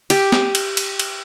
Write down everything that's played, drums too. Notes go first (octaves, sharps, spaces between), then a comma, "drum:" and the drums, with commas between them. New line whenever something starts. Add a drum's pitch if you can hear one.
G4, drum: cymbal
drum: snare
drum: cymbal
drum: cymbal
drum: cymbal